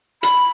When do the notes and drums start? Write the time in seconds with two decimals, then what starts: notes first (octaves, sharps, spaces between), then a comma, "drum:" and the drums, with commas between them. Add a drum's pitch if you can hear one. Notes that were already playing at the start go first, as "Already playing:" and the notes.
0.23 B5, drum: hi-hat